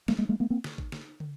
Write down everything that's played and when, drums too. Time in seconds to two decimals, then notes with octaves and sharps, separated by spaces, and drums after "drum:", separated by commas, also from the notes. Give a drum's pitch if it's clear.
0.08 G#3 A#3, drum: snare
0.18 G#3 A#3
0.29 G#3 A#3
0.40 A3 B3
0.50 A#3 C4
0.64 drum: snare
0.78 drum: kick G#1
0.92 drum: snare
1.20 drum: tom